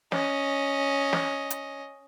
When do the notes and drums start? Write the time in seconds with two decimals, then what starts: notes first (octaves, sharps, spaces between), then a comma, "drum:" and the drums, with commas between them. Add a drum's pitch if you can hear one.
0.12 C#4 D#5, drum: snare
1.13 drum: snare
1.50 drum: hi-hat